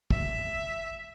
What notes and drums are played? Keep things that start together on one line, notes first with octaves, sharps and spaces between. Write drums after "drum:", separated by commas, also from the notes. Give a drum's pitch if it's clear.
E5, drum: kick